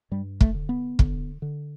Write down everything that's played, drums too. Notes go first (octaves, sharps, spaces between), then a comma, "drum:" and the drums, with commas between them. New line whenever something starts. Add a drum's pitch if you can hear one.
G2 G3
A3, drum: kick
D3
B3
D3, drum: kick
D3